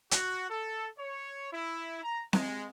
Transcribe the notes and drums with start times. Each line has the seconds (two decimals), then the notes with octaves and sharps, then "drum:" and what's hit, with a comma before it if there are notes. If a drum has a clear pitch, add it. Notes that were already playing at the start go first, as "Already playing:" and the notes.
0.11 F#4, drum: hi-hat
0.50 A4
0.98 C#5
1.52 E4
2.03 A#5
2.33 G#3, drum: snare C4